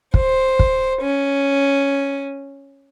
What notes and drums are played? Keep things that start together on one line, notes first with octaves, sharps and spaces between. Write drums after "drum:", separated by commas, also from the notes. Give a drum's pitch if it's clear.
C5, drum: kick
drum: kick
C#4